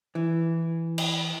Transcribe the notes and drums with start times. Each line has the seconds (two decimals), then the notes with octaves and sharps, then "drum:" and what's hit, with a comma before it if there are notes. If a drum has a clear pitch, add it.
0.15 E3
0.98 drum: cymbal